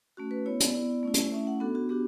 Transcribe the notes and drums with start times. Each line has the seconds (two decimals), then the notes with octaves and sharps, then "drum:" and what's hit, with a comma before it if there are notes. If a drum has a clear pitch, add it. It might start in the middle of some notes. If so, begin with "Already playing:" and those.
0.17 A3 C#4 F#4
0.31 B4
0.46 B3 E4 C#5
0.60 D5, drum: hi-hat
0.75 B3 E4
1.03 A3 C#4 E4
1.14 drum: hi-hat
1.32 A3 C#4 E4 E5
1.47 F#5
1.60 B3 D4 F#4 A4
1.75 F#4
1.89 B3 D4 F#4 G4